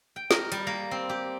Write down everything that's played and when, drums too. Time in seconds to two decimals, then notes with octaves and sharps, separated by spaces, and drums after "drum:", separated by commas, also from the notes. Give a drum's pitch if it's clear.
0.16 G5
0.31 A#4, drum: snare
0.52 G3, drum: hi-hat
0.67 A#3
0.91 C4
1.09 G4